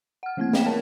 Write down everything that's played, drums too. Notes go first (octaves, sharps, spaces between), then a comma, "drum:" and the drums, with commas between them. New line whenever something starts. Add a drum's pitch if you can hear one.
F#5 F6
E3 A3 A#3 C4 E4 G#6
A#3 D#5 F5 G5 B6 E7, drum: snare
A#4 C#5 A5